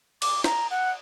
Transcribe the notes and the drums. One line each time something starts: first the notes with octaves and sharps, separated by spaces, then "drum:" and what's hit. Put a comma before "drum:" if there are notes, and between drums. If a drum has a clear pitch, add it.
D6, drum: cymbal
A#5, drum: snare
F#5